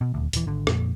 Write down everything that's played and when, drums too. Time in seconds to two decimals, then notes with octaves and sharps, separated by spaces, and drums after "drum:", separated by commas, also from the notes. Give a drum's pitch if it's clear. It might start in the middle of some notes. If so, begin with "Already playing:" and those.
0.01 B2
0.14 D#1 D2
0.33 D#1 E3, drum: hi-hat
0.46 G#1 D3
0.67 F2 A#2, drum: rim click